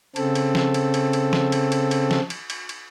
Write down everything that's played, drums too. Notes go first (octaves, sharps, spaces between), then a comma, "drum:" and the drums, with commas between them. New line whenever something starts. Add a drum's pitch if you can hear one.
C#3 C4 A4, drum: cymbal
drum: cymbal
drum: snare
drum: cymbal
drum: cymbal
drum: cymbal
drum: snare
drum: cymbal
drum: cymbal
drum: cymbal
drum: snare
drum: cymbal
drum: cymbal
drum: cymbal